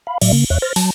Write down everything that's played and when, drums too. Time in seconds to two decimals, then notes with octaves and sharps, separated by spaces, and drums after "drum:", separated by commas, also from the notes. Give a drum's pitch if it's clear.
0.07 F5 B5
0.21 A2 F#3 D5 E5, drum: cymbal
0.33 C#3 A#3
0.50 E2 C#5 E5 F#6
0.62 C5 F6 A6 A#6
0.76 F#3 A5, drum: open hi-hat